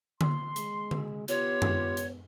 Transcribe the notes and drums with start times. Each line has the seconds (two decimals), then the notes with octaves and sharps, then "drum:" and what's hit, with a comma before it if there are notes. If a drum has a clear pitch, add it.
0.21 C6, drum: tom D3
0.56 G#3, drum: hi-hat
0.91 drum: tom D3
1.28 B3 F4 G4 C#5, drum: hi-hat
1.62 drum: tom F#2
1.97 drum: hi-hat